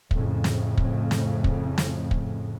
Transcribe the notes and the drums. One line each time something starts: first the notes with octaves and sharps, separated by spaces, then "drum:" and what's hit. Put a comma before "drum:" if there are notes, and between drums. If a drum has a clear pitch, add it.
F2 A2 C#3, drum: kick
drum: snare
drum: kick
drum: snare
drum: kick
drum: snare
drum: kick